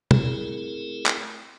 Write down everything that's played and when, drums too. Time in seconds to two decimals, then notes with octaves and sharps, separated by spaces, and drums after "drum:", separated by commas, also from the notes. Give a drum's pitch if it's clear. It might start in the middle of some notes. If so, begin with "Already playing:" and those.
0.11 A3 C4 E4 G#4 A#4, drum: tom
1.06 drum: clap